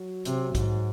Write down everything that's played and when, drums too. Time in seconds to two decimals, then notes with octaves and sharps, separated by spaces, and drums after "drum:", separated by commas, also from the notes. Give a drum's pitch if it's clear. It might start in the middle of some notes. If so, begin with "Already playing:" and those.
Already playing: F#3
0.25 C3, drum: hi-hat
0.55 G#2, drum: kick, hi-hat